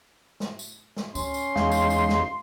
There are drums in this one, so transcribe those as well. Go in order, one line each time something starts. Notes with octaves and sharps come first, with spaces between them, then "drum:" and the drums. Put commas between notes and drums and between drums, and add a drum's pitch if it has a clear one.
drum: snare
drum: tambourine
drum: snare
C#4 C6, drum: kick C#2, tambourine
drum: tambourine
E2 G#3 D#4 F5, drum: snare
drum: tambourine
drum: tambourine
drum: snare